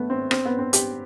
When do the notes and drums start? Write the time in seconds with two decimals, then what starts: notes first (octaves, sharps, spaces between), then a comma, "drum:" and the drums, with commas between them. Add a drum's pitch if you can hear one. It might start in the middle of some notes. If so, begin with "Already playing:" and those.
Already playing: A3 B3
0.10 C4
0.31 C4, drum: rim click
0.45 B3
0.59 C4
0.73 G4, drum: hi-hat